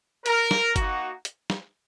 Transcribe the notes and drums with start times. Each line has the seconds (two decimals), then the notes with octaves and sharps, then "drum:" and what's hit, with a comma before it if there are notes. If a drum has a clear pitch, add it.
0.26 A#4, drum: hi-hat
0.51 drum: snare
0.76 A#3 D#4 F#4, drum: kick G1, hi-hat
1.25 drum: hi-hat
1.50 drum: snare